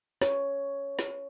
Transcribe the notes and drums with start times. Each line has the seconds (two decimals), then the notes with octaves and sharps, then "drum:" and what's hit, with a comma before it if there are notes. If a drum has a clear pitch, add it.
0.22 C#5, drum: snare
0.99 drum: snare